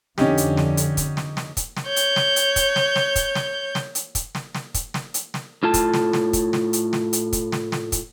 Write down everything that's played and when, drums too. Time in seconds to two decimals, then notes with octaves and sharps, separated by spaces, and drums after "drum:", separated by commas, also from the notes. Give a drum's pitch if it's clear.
0.18 F2 D3 C#4 D#4 G4, drum: snare
0.38 drum: hi-hat
0.57 drum: snare
0.77 drum: hi-hat
0.97 drum: kick, hi-hat
1.17 drum: snare
1.37 drum: snare
1.57 drum: kick, hi-hat
1.77 drum: snare
1.86 C#5 G6
1.96 drum: hi-hat
2.16 drum: snare
2.36 drum: hi-hat
2.56 drum: kick, hi-hat
2.76 drum: snare
2.96 drum: snare
3.16 drum: kick, hi-hat
3.35 drum: snare
3.75 drum: snare
3.95 drum: hi-hat
4.15 drum: kick, hi-hat
4.35 drum: snare
4.55 drum: snare
4.74 drum: kick, hi-hat
4.94 drum: snare
5.14 drum: hi-hat
5.34 drum: snare
5.63 A2 F4 A4 A5
5.74 drum: kick, hi-hat
5.94 drum: snare
6.13 drum: snare
6.33 drum: kick, hi-hat
6.53 drum: snare
6.73 drum: hi-hat
6.93 drum: snare
7.13 drum: hi-hat
7.33 drum: kick, hi-hat
7.52 drum: snare
7.72 drum: snare
7.92 drum: kick, hi-hat